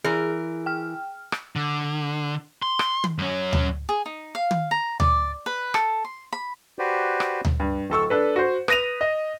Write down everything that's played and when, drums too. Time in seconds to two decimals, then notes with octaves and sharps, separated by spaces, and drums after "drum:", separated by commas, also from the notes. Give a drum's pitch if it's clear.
0.04 E3 G#4 A#4
0.66 G5 F6
1.32 drum: rim click
1.56 D3
2.62 C6
2.79 drum: rim click
3.04 drum: tom
3.18 F#2 C#4
3.53 drum: tom D2
3.89 G#4
4.06 D#4
4.35 F5
4.51 drum: tom
4.71 A#5
5.00 D5, drum: tom D2
5.46 B4
5.74 A4, drum: rim click
6.04 C6
6.33 B5
6.79 F#4 G4 B4 C5 D5
7.20 drum: rim click
7.45 drum: tom D2
7.60 G2
7.90 D1 A4 C#6 E6
8.10 D4 A4 B4
8.36 F#4 C5
8.68 B4 D#6 A#6 D#7 F7, drum: rim click
9.01 D#5